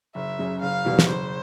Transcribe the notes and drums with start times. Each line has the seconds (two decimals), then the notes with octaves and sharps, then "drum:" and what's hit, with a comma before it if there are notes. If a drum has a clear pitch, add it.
0.15 F#1 E5
0.39 F#2 C#3
0.62 F#1 F5
0.85 E2 B2 G3
0.99 drum: snare
1.09 F#1 C5